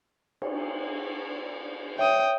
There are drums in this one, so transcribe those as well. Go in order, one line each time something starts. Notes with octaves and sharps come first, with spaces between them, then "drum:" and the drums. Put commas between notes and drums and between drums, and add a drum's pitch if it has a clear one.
drum: cymbal
C#5 E5 G5 D#6